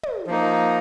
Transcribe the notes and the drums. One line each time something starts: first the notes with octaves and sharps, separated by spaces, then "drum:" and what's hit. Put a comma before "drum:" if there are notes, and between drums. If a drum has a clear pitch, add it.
drum: tom
F3 A#3 D#4